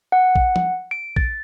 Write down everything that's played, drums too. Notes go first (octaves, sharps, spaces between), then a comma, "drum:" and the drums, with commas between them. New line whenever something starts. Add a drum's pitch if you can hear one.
F#5
drum: kick
drum: tom
D7
A6, drum: kick